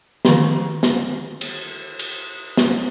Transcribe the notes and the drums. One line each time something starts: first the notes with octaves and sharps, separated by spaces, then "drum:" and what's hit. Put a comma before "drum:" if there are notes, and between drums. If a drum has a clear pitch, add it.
D3 D#3 F3 A3, drum: snare
drum: snare
drum: cymbal
drum: cymbal
drum: snare